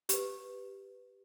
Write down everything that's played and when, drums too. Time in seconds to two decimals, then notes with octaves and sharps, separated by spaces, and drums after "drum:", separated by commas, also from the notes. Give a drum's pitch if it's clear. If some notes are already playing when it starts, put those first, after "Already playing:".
0.09 G4 B4, drum: hi-hat